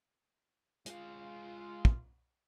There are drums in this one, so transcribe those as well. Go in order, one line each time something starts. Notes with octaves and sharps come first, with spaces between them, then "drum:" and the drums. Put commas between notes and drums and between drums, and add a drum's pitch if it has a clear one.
G#3 F4 F5, drum: hi-hat
drum: kick